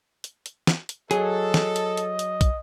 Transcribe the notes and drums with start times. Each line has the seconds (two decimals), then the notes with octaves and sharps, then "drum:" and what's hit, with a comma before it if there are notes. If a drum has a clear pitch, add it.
0.24 drum: hi-hat
0.46 drum: hi-hat
0.67 drum: snare
0.89 drum: hi-hat
1.11 F#3 G#4 A4 D#5, drum: hi-hat
1.54 drum: snare
1.76 drum: hi-hat
1.97 drum: hi-hat
2.19 drum: hi-hat
2.41 drum: kick, hi-hat